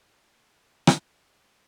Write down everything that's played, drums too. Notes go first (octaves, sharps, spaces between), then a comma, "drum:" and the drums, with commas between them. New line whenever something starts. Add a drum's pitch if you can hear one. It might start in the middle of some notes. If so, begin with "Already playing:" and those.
B3 G#6
drum: rim click